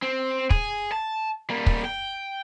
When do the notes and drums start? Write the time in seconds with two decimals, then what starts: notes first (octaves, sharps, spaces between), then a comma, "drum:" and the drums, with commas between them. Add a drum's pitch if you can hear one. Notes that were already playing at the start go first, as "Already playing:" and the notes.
0.02 C4
0.50 G#4, drum: kick
0.92 A5
1.49 G3 A#3
1.66 drum: kick
1.85 G5